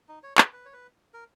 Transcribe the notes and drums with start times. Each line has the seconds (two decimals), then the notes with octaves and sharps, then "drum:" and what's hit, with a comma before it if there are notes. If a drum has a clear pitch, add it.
0.08 D#4
0.23 C#5
0.38 B4, drum: clap
0.53 B4
0.65 C#5
0.73 B4
1.14 A#4